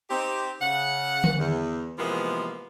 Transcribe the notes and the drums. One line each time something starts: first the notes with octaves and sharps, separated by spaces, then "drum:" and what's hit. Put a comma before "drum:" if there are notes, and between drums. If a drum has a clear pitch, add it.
C4 D#4 G4
C#3 F#5
drum: tom D3
E2
C3 E3 F3 G#3 A#3 B3